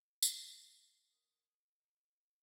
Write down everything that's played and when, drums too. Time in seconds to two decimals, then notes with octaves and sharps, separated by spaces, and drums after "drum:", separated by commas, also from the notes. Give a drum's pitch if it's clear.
0.22 G#4, drum: tambourine
0.70 F#5
1.11 C#4 A#4 F5 D#6
1.77 F4 C5 D#5 A#5